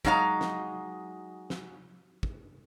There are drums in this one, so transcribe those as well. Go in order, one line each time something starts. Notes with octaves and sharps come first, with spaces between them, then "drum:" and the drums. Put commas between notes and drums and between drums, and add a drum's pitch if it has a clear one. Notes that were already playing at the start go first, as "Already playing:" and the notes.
F#3 G#3 D#4 F5 A#5, drum: kick
drum: snare
drum: snare
drum: kick